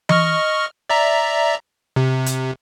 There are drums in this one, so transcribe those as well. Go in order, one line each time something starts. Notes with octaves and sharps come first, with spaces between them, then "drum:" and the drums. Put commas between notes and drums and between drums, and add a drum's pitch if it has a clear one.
D#5 C#6 F6, drum: tom E3
D5 E5 A#5
C3
drum: hi-hat